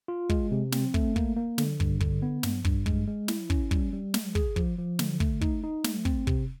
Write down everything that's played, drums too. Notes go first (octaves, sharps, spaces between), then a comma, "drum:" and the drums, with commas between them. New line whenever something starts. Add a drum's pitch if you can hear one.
F4
G#3, drum: kick
C3
C4, drum: snare
A3, drum: kick
A#3, drum: kick
A#3
D3, drum: snare
G2, drum: kick
D3, drum: kick
B3
G2, drum: snare
G2, drum: kick
G#3, drum: kick
G#3
E4, drum: snare
C#4, drum: kick
G3, drum: kick
G3
G#3, drum: snare
G#4, drum: kick
F3, drum: kick
F3
D3, drum: snare
A3, drum: kick
D#4, drum: kick
D#4
A3, drum: snare
C4, drum: kick
C3, drum: kick